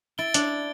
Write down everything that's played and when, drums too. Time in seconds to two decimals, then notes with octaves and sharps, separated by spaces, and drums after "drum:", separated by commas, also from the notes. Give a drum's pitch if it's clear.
0.18 E4 A6 D7 G7
0.34 D4, drum: hi-hat